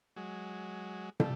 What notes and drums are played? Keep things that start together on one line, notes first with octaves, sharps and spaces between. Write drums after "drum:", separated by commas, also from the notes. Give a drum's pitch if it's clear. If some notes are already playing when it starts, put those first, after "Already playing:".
F#3 G#3
G3 A3, drum: tom